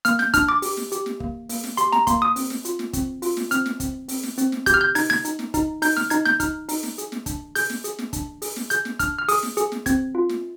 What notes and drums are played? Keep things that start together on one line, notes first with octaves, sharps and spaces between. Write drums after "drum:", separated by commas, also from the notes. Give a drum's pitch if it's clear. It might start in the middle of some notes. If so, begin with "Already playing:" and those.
A#3 F6, drum: hi-hat
G6, drum: snare
D4 F6, drum: kick, hi-hat
D6
G4, drum: open hi-hat
drum: snare
G4, drum: hi-hat
drum: snare
A#3, drum: kick
A#3, drum: open hi-hat
drum: snare
G4 C6, drum: hi-hat
A#5, drum: snare
A#3 C6, drum: kick, hi-hat
D#6
C4, drum: open hi-hat
drum: snare
F4, drum: hi-hat
drum: snare
C4, drum: kick, hi-hat
F4, drum: open hi-hat
drum: snare
C4 F6, drum: hi-hat
drum: snare
C4, drum: kick, hi-hat
C4, drum: open hi-hat
drum: snare
C4, drum: hi-hat
drum: snare
G4 G6, drum: kick, hi-hat
F6
G6
D#4 G#6, drum: open hi-hat
G#6, drum: snare
D#4, drum: hi-hat
drum: snare
D#4, drum: kick, hi-hat
D#4 G6, drum: open hi-hat
F6, drum: snare
D#4 G#6, drum: hi-hat
G6, drum: snare
D#4 F6, drum: kick, hi-hat
D#4, drum: open hi-hat
drum: snare
G#4, drum: hi-hat
drum: snare
D4, drum: kick, hi-hat
G#4 G6, drum: open hi-hat
drum: snare
G#4, drum: hi-hat
drum: snare
D4, drum: kick, hi-hat
G#4, drum: open hi-hat
drum: snare
G#4 G6, drum: hi-hat
drum: snare
D4 F6, drum: kick, hi-hat
F6
G#4 D#6, drum: open hi-hat
drum: snare
G#4, drum: hi-hat
drum: snare
C4 G#6, drum: kick, hi-hat
F4
drum: snare